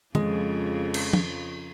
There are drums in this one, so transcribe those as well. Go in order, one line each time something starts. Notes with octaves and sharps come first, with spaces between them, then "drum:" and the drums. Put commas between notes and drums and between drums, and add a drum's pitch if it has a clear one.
F2 C#3 F3 G#3, drum: tom D#3
drum: cymbal
drum: tom